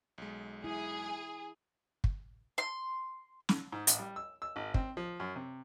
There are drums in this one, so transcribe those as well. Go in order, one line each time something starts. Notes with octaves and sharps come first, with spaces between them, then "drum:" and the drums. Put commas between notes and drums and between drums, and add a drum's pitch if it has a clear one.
B1 G#3
E4 G#4
drum: kick
C6
drum: snare
G#2
A1, drum: hi-hat
G3
E6
E6
G#1
C4, drum: kick
F3
F#2
C3